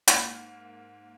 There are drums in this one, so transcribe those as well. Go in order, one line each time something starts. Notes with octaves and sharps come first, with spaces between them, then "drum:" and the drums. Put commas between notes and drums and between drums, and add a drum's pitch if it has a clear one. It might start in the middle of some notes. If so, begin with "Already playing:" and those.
G#2 A#3, drum: hi-hat